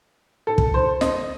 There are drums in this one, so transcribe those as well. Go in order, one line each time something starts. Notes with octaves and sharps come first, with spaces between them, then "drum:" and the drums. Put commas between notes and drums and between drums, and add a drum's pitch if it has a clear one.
A4
drum: kick
C5
D#5, drum: snare